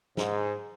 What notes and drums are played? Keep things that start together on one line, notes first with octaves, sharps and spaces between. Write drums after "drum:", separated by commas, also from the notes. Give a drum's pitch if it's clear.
G#2, drum: snare